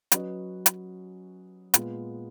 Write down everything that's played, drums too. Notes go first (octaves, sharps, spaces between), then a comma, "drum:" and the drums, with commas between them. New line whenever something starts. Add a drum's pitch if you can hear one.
F#3 C#4 F#4 B4 D#5, drum: hi-hat
drum: hi-hat
A#2 G#3 B3 F4 B4, drum: hi-hat